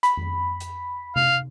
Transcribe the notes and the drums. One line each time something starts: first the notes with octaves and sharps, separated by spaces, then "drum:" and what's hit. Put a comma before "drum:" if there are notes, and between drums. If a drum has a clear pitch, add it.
B5, drum: hi-hat
drum: tom F2
drum: hi-hat
F5, drum: tom C3